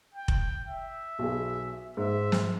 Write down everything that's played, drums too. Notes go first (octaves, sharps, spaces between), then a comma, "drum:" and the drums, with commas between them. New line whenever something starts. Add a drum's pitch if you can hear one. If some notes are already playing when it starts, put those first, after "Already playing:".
G5
drum: kick F1
E5
B1 G#4
G#2 E5
drum: snare